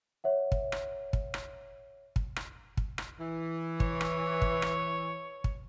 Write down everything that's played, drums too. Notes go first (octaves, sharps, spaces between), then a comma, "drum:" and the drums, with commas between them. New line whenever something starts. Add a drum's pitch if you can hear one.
C#5 E5 F#5
drum: kick
drum: rim click
drum: kick
drum: rim click
drum: kick
drum: rim click
drum: kick
drum: rim click
E3
C#5, drum: kick
drum: rim click
drum: kick
drum: rim click
drum: kick